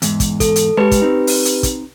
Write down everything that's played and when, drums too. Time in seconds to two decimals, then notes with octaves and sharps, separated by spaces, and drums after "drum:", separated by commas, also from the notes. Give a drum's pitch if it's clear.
0.02 E2 G#2, drum: hi-hat
0.20 drum: kick, hi-hat
0.40 A4, drum: kick, hi-hat
0.56 drum: hi-hat
0.77 G#3 G4 B4 C#5 A5
0.91 drum: kick, hi-hat
1.02 C4 D#4
1.27 drum: open hi-hat
1.45 drum: hi-hat
1.63 drum: kick, hi-hat